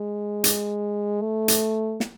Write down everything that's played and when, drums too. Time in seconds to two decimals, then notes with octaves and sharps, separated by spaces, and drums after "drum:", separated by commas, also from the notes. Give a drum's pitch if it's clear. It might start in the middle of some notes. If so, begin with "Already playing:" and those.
Already playing: G#3
0.44 drum: hi-hat
1.22 A3
1.48 drum: hi-hat
2.00 drum: snare